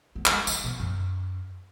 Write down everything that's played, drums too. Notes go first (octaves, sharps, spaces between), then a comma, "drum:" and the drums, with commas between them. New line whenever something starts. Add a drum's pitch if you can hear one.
A3
G3, drum: clap
G#3
D#3, drum: tambourine
B2
F#2